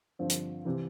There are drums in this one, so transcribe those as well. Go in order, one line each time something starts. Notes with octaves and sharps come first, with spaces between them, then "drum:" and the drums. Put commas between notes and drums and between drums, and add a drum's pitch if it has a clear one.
G2 D3 F3 C4
drum: hi-hat
C3 E3